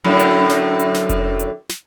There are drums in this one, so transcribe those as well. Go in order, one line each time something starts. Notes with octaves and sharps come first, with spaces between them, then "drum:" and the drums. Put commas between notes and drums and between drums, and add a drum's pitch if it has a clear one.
F#2 A2 D3
drum: hi-hat
drum: snare
drum: hi-hat
drum: snare
drum: kick F1, hi-hat
drum: hi-hat
drum: snare